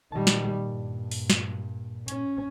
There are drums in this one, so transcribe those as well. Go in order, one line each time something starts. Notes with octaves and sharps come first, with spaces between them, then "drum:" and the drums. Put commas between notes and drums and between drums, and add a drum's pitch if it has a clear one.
A#2 D#3 G3 A5
drum: snare
G2
drum: open hi-hat
drum: snare
C#4, drum: hi-hat